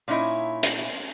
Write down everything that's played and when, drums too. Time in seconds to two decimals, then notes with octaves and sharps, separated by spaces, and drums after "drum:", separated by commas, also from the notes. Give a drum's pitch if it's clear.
0.08 A#2 C#4 D#4 E4
0.63 drum: hi-hat